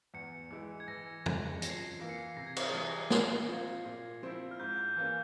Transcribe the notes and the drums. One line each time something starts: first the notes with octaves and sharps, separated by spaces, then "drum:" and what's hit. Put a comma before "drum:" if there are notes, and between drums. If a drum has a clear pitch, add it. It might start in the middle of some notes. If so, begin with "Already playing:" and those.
E2 C#7
E3 G#3 E4
G#6
E3 A#6
G#3 C#4, drum: tom
F2 A#6, drum: hi-hat
C7
A#6
E3 A#3 E4 C7
C#7
C7
C3 A#6
G#6
A#6, drum: cymbal
E3 G3
A#2 G#6, drum: snare
F3 C4 F4
A#2
F3 C4 E4
F6
G#2 G6
G6
E3 A#3 C#4 F6